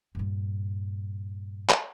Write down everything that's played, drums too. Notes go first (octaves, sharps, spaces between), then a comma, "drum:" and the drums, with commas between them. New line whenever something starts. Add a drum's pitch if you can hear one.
G2 A#2
drum: clap